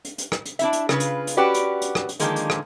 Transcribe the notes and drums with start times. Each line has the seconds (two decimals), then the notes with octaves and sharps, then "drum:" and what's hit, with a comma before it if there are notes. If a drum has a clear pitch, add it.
0.05 drum: hi-hat
0.18 drum: hi-hat
0.32 drum: rim click
0.45 drum: hi-hat
0.59 D4 E4 E5, drum: hi-hat
0.73 drum: hi-hat
0.89 C#3 F4 B4, drum: rim click
1.00 drum: hi-hat
1.27 drum: hi-hat
1.37 C#4 F#4 G4 B4 D5
1.54 drum: hi-hat
1.82 drum: hi-hat
1.95 drum: rim click
2.09 drum: hi-hat
2.20 D3 D#3 F3 G#3 A#3, drum: hi-hat
2.36 drum: hi-hat
2.50 drum: rim click